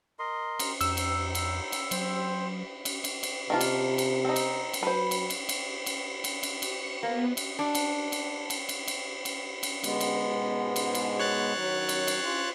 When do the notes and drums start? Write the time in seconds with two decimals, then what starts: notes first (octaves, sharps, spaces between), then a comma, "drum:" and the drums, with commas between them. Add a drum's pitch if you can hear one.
0.19 A#4 D#5 C6
0.59 drum: cymbal
0.81 F2 D#4 E6, drum: cymbal
0.97 drum: cymbal
1.35 drum: cymbal
1.72 drum: cymbal
1.91 F#3 C4 C5, drum: cymbal
2.85 drum: cymbal
3.04 drum: cymbal
3.23 drum: cymbal
3.50 C3 D#3 D4 F4
3.61 drum: cymbal
3.98 drum: cymbal
4.25 C4 D#4
4.36 drum: cymbal
4.74 drum: cymbal
4.83 F#3 B4 C5
5.11 drum: cymbal
5.30 drum: cymbal
5.49 drum: cymbal
5.86 drum: cymbal
6.24 drum: cymbal
6.43 drum: cymbal
6.62 C#7, drum: cymbal
7.03 A#3 B3
7.37 drum: cymbal
7.59 D4
7.75 drum: cymbal
8.12 drum: cymbal
8.50 drum: cymbal
8.69 drum: cymbal
8.88 drum: cymbal
9.25 drum: cymbal
9.63 drum: cymbal
9.84 D3 G#3 B3, drum: cymbal
10.00 drum: cymbal
10.29 G#2 B2
10.76 drum: cymbal
10.95 drum: cymbal
11.19 C#5 F#6 A6
11.57 D#3 F#3
11.89 drum: cymbal
12.08 drum: cymbal
12.23 C#4 E4 F4 G4